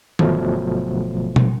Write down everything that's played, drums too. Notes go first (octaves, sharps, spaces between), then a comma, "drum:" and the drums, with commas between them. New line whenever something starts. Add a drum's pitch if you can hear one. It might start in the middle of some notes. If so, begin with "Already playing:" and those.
G1 B2 F3 F#3 A3, drum: tom D#3
drum: tom B2